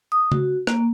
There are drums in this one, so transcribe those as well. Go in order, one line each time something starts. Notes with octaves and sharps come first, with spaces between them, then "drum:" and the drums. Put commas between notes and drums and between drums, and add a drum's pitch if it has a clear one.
D#6
F#4, drum: tom C#3
A#3, drum: rim click